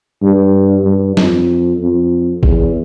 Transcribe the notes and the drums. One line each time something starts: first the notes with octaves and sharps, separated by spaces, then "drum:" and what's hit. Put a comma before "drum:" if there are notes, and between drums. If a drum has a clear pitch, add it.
G2
G2
F2, drum: snare
F2
E2, drum: kick